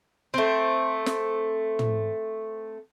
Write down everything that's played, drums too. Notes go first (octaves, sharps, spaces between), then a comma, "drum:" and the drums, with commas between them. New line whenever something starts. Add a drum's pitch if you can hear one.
A3 C4
drum: snare
drum: tom